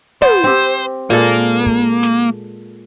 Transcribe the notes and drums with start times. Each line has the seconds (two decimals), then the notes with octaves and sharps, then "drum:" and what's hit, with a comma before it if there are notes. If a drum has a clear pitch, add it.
0.22 B3 C5, drum: tom
0.44 C4 G4
1.10 A#2 G#3 A#3 A4, drum: hi-hat
1.66 drum: kick
2.03 drum: snare